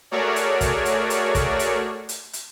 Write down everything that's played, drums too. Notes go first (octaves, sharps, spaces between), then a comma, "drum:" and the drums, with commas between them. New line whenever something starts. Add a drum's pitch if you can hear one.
A3 F#4 G#4 A#4 C#5 D5
drum: hi-hat
drum: kick, hi-hat
drum: hi-hat
drum: hi-hat
drum: kick, hi-hat
drum: hi-hat
drum: hi-hat
drum: hi-hat